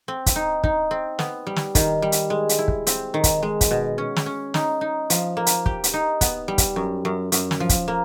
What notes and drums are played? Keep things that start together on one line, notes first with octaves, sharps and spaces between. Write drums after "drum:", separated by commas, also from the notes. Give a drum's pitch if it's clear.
C4
drum: kick, hi-hat
D#4
D#4, drum: kick
C4
B3, drum: snare
G3
drum: snare
D#3, drum: kick, hi-hat
G3
drum: hi-hat
G#3
drum: hi-hat
E4
drum: kick
C4, drum: hi-hat
D#3
drum: kick, hi-hat
G#3
drum: kick, hi-hat
B2
C#4
drum: snare
C#4
D#4, drum: snare
D#4
F3, drum: hi-hat
A#3
drum: hi-hat
G4, drum: kick
drum: hi-hat
D#4
B3, drum: kick, hi-hat
G3
drum: kick, hi-hat
F#2
F#2
F#2, drum: hi-hat
drum: snare
F3
drum: kick, hi-hat
A#3